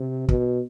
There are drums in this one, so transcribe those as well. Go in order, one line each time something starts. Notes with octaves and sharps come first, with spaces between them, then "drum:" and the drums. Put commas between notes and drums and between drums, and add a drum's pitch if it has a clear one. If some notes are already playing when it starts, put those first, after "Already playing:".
Already playing: C3
B2, drum: kick